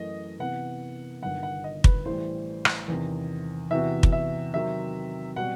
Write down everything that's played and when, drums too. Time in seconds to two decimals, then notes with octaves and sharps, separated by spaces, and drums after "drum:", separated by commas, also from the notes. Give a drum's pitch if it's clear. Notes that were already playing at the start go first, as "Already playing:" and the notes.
Already playing: F#2 E3 A3 D#5
0.39 C3 E3 B3 F#5
1.22 G1 G2 D#3 F#5
1.43 F#5
1.64 D#5
1.84 B4, drum: kick
2.05 A1 A2 E3 G3 C5
2.65 drum: rim click
2.88 E2 C3 D#3
3.71 E2 C3 E3 B3 F#4 E5
4.03 drum: kick
4.12 E5
4.54 C3 D#3 F#3 C4 E5
5.36 B2 G3 C4 F#4 F#5